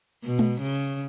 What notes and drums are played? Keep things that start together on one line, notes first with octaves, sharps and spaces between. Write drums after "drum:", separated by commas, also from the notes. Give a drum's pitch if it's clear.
B2
drum: tom G#3
C#3